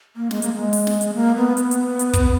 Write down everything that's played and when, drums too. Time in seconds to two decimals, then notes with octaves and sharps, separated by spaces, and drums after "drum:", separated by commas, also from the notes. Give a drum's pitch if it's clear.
0.16 A#3
0.31 G#3, drum: snare
0.42 A#3, drum: hi-hat
0.53 G#3
0.73 drum: open hi-hat
0.87 drum: snare
1.01 drum: hi-hat
1.15 A#3
1.36 B3
1.57 B3, drum: hi-hat
1.71 drum: hi-hat
1.99 drum: hi-hat
2.13 drum: kick, hi-hat